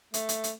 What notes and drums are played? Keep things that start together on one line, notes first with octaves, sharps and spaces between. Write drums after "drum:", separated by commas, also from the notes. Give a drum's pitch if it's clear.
A3, drum: hi-hat
drum: hi-hat
drum: hi-hat